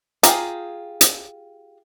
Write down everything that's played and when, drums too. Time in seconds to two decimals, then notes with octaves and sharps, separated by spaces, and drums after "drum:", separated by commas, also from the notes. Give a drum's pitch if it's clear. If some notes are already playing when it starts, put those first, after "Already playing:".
0.23 F4 G4 G#4 A#5, drum: hi-hat
1.01 drum: hi-hat